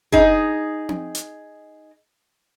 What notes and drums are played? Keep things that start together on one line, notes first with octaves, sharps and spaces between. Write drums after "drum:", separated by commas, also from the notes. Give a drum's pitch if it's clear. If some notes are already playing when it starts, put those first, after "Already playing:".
D#4 G#4, drum: kick F#1
drum: tom C4
drum: hi-hat